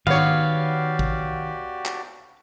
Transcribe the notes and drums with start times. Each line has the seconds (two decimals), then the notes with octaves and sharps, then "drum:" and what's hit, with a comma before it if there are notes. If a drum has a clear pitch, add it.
0.07 D#3 B3 F#4 G4 C#5 D5 F5, drum: tom G#2
0.99 drum: kick
1.86 drum: clap